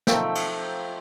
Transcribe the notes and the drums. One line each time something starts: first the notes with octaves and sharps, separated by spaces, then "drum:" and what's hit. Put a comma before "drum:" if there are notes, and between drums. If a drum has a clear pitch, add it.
F3 A3 C4 D#4 G5, drum: snare
drum: cymbal